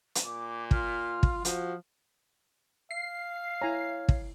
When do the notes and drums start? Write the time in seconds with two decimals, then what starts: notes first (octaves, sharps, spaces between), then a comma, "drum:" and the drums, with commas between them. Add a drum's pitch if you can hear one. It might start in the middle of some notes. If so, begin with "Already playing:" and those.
0.15 drum: hi-hat
0.25 A#2 D6
0.71 F4 F6, drum: kick
1.23 drum: kick
1.45 F3 F#4, drum: hi-hat
2.91 F5 C7
3.62 E4 C#5 G#5 A#5
4.09 drum: kick